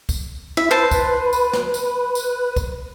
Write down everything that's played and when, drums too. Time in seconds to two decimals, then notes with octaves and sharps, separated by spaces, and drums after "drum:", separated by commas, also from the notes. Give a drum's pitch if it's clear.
0.09 drum: kick, tambourine
0.57 E4 E5
0.71 B4 C5 A5
0.91 drum: kick, tambourine
1.33 drum: tambourine
1.53 drum: snare
1.74 drum: tambourine
2.15 drum: tambourine
2.56 drum: kick, tambourine